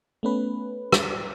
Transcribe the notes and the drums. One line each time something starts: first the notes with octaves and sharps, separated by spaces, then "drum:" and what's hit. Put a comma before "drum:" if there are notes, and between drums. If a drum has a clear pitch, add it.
A3 B3 C#4 B4
drum: rim click